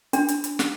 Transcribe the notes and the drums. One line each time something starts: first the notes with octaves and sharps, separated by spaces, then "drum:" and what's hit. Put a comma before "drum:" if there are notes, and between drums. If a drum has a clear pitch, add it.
D4, drum: hi-hat
drum: hi-hat
drum: hi-hat
drum: snare